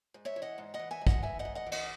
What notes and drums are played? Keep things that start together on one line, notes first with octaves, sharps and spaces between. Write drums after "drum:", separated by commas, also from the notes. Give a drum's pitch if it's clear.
G#2
C#5 E5
E3
D#5 F#5
G#2
D#5 F#5
E3
E5 G#5
G#2
D#5 F#5, drum: kick
E3 E5 G#5
D#5 F#5
G#2
D#5 F#5
E3
D#5 F#5, drum: cymbal